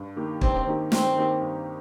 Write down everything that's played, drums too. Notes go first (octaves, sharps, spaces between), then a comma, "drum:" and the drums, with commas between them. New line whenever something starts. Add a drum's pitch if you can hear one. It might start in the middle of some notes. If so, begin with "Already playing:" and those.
Already playing: G2
D#3 A#3 D#4 G4
G2 C4, drum: kick
D#3 A#3 D#4 G4
G2 C4, drum: snare
D#3 A#3 D#4 G4
G2